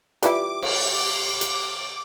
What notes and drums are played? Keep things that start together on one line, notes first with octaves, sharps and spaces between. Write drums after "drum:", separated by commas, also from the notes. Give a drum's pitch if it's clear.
E3 G3 E4 F4 G4 B4 D5 D6, drum: hi-hat
drum: cymbal
drum: hi-hat